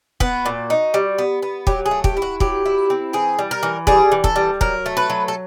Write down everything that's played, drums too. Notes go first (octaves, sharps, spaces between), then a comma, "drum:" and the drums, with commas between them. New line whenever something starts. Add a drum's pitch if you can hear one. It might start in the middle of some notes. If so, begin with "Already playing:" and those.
B3 F#4, drum: kick
A#2
D#4
G3
B3
B3
F#3 G4, drum: kick
G#4
A3
G4, drum: kick
E4
F#4
F#3 G4, drum: kick
E4
C4
E3 G#4
G3
A#4
E3
G3 G#4, drum: kick
E3
A4, drum: kick
G3
F#3 A#4, drum: kick
A3
B4
F#3
A4